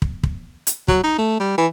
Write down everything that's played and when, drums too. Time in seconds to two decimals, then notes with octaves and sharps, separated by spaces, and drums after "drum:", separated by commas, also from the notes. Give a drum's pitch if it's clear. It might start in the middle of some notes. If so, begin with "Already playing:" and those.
0.02 drum: kick
0.23 drum: kick
0.67 drum: hi-hat
0.88 F#3, drum: kick
1.03 D#4
1.18 A3
1.40 G3
1.58 E3